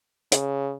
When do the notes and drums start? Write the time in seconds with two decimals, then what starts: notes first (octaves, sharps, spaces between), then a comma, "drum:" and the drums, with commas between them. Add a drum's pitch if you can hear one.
0.32 C#3, drum: hi-hat